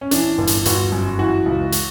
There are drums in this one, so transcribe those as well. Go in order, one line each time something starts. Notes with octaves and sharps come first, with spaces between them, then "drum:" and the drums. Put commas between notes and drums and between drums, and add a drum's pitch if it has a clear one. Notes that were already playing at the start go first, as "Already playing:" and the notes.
C#4
E3 D4, drum: hi-hat
G1
drum: hi-hat
G1 F#4, drum: hi-hat
F#2
E3 F#4
C#2
drum: hi-hat